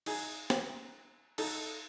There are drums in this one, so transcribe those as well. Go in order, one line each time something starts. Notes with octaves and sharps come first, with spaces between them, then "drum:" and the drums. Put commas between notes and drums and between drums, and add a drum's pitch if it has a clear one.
D#4 G#4, drum: cymbal
drum: snare
D#4 A4, drum: cymbal